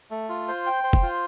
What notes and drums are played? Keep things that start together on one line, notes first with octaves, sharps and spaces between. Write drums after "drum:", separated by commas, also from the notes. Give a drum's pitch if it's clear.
A3
F4
C5
G5
C5
drum: kick
F4